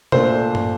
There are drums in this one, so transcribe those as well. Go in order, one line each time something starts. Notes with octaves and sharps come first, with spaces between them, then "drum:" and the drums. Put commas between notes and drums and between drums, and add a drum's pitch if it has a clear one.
A#2 A3 D4 C5, drum: tom B2
drum: tom